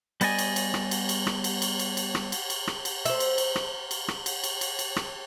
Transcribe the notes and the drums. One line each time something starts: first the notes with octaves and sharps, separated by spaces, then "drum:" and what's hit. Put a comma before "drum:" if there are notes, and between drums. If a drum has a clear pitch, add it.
G3 B3 D5 D#5 G#5, drum: cymbal
drum: cymbal
drum: cymbal
drum: rim click
drum: cymbal
drum: cymbal
drum: rim click
drum: cymbal
drum: cymbal
drum: cymbal
drum: cymbal
drum: rim click
drum: cymbal
drum: cymbal
drum: rim click
drum: cymbal
C5 E5, drum: cymbal
drum: cymbal
drum: cymbal
drum: rim click
drum: cymbal
drum: rim click
drum: cymbal
drum: cymbal
drum: cymbal
drum: cymbal
drum: rim click